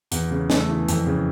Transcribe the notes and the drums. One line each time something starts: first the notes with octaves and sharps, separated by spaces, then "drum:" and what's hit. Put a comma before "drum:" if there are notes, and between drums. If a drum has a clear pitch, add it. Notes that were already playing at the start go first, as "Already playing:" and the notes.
E2, drum: hi-hat
C#3
A3, drum: snare
E3
F2, drum: hi-hat
C#3